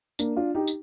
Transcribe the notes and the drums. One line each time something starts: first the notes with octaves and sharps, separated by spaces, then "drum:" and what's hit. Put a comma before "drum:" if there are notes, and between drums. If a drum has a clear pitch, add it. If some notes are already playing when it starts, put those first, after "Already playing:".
A#3 D4, drum: tambourine
D4 F4
D#4 G4
drum: tambourine